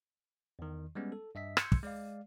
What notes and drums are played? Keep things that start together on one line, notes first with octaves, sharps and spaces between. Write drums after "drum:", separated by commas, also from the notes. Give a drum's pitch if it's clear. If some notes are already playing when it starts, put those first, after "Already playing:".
E2 D#3
G3 G#3 B3 C#4
A4
G2 D#5 E5 B6
C6 E6 G6 G#6 C#7, drum: rim click
drum: kick
G#3 D5 F5